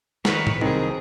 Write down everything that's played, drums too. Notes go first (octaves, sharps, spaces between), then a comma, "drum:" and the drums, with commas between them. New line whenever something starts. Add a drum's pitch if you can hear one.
D#3 B4 C#5, drum: snare
drum: tom A2
C2 D#3 F#3 C4 G#4